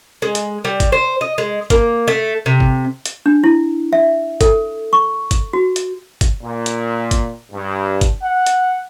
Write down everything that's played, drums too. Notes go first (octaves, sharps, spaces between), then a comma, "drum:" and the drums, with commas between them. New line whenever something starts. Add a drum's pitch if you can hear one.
G#3
drum: hi-hat
G3
drum: kick G1, hi-hat
C5
D#5
G#3
A#3, drum: kick G1, hi-hat
A3
C3
drum: kick G1
drum: hi-hat
D4
E4
E5
A4, drum: kick G1, hi-hat
C#6
drum: kick G1, hi-hat
F#4
drum: hi-hat
drum: kick G1, hi-hat
A#2
drum: hi-hat
drum: kick G1, hi-hat
G2
drum: kick G1, hi-hat
F#5
drum: hi-hat